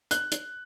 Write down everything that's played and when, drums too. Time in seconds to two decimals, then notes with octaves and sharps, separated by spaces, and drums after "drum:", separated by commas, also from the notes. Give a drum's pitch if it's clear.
0.11 F#6, drum: hi-hat
0.32 drum: hi-hat